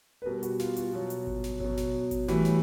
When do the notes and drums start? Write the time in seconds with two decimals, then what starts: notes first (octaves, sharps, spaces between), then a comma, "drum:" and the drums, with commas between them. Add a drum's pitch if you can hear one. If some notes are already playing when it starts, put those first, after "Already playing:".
0.22 B4
0.25 B2 G3 A#4
0.43 F#4, drum: hi-hat
0.59 F4, drum: snare
0.76 F#4, drum: hi-hat
0.93 B2 F#3
1.10 drum: hi-hat
1.27 drum: kick G#1
1.44 drum: snare
1.60 B2 F#3, drum: kick G#1
1.77 drum: snare
2.11 drum: kick G#1, hi-hat
2.28 A2 E3 G3 F#4, drum: snare
2.45 drum: snare